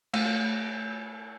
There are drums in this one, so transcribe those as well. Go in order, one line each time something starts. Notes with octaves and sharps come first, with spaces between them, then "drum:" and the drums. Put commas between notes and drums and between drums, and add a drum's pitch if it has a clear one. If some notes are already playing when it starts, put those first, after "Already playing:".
A3, drum: cymbal